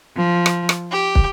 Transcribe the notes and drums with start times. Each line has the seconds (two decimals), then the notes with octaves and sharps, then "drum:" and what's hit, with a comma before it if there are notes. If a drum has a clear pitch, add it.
0.17 F3
0.46 drum: rim click
0.69 drum: rim click
0.92 G4
1.15 drum: kick